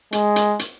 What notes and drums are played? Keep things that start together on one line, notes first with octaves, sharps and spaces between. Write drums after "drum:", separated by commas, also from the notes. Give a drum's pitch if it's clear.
G#3, drum: hi-hat
drum: hi-hat
drum: hi-hat